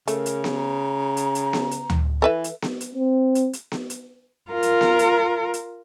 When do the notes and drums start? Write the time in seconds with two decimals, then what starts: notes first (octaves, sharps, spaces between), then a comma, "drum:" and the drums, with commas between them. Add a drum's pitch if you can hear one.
0.08 C#3 A3 A#4, drum: hi-hat
0.26 drum: hi-hat
0.44 drum: snare B3
0.55 A#5
1.17 drum: hi-hat
1.35 drum: hi-hat
1.53 drum: snare B3
1.71 drum: hi-hat
1.90 drum: tom D2
2.22 E3 A4 B4 E5
2.44 drum: hi-hat
2.62 drum: snare B3
2.81 drum: hi-hat
2.95 C4
3.35 drum: hi-hat
3.53 drum: hi-hat
3.72 drum: snare B3
3.90 drum: hi-hat
4.51 F4 A#4
4.63 drum: hi-hat
4.81 drum: snare B3
4.99 drum: hi-hat
5.54 drum: hi-hat